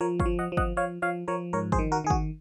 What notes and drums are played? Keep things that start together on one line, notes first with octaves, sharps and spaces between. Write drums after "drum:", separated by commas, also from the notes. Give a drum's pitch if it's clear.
F3 A#4 C#5
C#5 F5, drum: kick
F3
D#5 F#5
F3
D#5 F#5, drum: kick
F3 C#5 F5
F3 C#5 F5
F3 A#4 C#5
G#2 A#4 C#5
G#4 C5, drum: kick
D#3
F#4 A#4
D#3 G#4
F#4, drum: kick